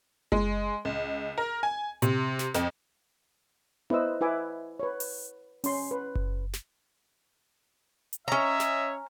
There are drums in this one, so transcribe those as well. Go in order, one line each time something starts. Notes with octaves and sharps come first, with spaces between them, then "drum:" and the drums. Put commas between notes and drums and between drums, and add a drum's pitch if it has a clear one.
G#3, drum: kick F#1
C#2
A#4
G#5
C3, drum: hi-hat
drum: snare
F2, drum: snare
E4 B4 C5 D#5 E6, drum: tom B3
E4 B4 E5 G#5 D6
B4 C#5
drum: open hi-hat
C#4 C6, drum: open hi-hat
B4
drum: kick F#1
drum: snare
drum: hi-hat
C#4 C#5 D#5 E5 A#5
drum: snare